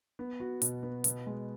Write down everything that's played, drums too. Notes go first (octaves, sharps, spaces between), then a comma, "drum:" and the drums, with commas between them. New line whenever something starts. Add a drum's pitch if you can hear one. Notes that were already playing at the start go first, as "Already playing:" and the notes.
B3
F#4
B2, drum: hi-hat
B3
B2, drum: hi-hat
G#3